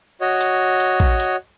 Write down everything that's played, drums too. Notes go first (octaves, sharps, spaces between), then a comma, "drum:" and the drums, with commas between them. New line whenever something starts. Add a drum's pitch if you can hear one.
F#4 C#5 D#5
drum: hi-hat
drum: hi-hat
drum: kick
drum: hi-hat